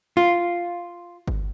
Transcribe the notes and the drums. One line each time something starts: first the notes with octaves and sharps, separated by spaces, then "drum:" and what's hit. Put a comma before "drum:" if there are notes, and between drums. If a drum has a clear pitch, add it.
F4
drum: kick G1